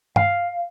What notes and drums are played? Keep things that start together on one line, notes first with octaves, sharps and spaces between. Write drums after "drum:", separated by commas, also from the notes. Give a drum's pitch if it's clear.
F5, drum: tom G2